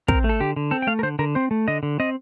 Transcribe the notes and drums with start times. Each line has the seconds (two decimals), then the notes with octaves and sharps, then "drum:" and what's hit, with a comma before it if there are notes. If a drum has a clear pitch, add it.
0.08 C4 A#4, drum: kick
0.24 A3
0.29 A4
0.40 D3 G4
0.56 D3
0.71 C4 A4
0.82 G5
0.87 A3 F5
0.99 A#4
1.03 D3 C5
1.19 D3 A#4
1.35 C4 C5
1.51 A3
1.68 D3 D#5
1.83 D3
2.00 C4 D#5